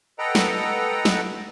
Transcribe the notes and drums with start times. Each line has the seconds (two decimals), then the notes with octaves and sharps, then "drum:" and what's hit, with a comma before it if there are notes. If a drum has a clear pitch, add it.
0.19 A4 B4 D#5 F#5 G5 A#5
0.35 drum: snare
1.05 drum: snare